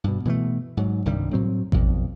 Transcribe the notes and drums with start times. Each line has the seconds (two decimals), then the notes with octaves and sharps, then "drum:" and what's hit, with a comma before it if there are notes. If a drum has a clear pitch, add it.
0.04 G2 B2
0.25 B2 E3 F#3 A3
0.77 G#2 F#3
1.05 C2 G2 D#3 G3
1.33 A2 F#3 C4
1.72 B1 F2, drum: kick A1